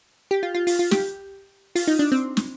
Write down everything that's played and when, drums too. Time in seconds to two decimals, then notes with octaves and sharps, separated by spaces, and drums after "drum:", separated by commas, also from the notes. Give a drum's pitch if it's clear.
0.31 G4
0.43 F4
0.55 F4
0.67 F4, drum: open hi-hat
0.79 F4
0.91 G4, drum: snare
1.75 F4, drum: open hi-hat
1.87 D#4
1.99 D4
2.12 C4
2.37 drum: snare